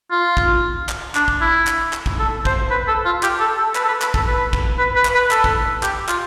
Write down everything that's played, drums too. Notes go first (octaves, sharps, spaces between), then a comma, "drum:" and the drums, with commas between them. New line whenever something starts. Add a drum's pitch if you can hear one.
F4
drum: kick
drum: clap
D4, drum: clap
drum: kick
E4
drum: clap
drum: clap
drum: kick
A4
C5, drum: kick
B4
A4
F4
G4, drum: clap
A4
A4
B4, drum: clap
A4
B4
B4, drum: clap
A4, drum: kick
B4
drum: kick
B4
B4
drum: clap
B4
A4, drum: clap
drum: kick
G4, drum: clap
F4, drum: clap